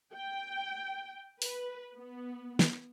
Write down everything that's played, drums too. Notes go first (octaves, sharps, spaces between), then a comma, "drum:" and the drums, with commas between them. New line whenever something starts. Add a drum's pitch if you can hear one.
G5
B4, drum: open hi-hat
B3
drum: snare